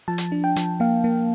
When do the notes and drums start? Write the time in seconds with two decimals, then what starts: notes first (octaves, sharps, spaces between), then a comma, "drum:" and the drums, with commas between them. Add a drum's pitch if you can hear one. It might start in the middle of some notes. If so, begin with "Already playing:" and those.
0.08 F3 A5
0.18 drum: hi-hat
0.32 D4
0.44 G5
0.56 F3, drum: hi-hat
0.80 A#3 F5
1.04 A#3